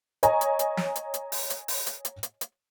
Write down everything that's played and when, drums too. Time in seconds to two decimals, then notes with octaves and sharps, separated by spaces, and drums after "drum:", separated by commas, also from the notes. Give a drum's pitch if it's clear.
0.23 C#5 D#5 G#5 A#5, drum: hi-hat
0.41 drum: hi-hat
0.59 drum: hi-hat
0.77 drum: snare
0.95 drum: hi-hat
1.14 drum: hi-hat
1.32 drum: open hi-hat
1.50 drum: hi-hat
1.68 drum: open hi-hat
1.86 drum: hi-hat
2.05 drum: hi-hat
2.23 drum: hi-hat
2.41 drum: hi-hat